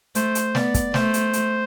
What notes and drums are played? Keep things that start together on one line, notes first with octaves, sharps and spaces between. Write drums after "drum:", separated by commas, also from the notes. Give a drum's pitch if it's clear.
A3 C5, drum: hi-hat
drum: hi-hat
B3 D5, drum: snare
drum: kick, hi-hat
A3 C5, drum: snare
drum: hi-hat
drum: hi-hat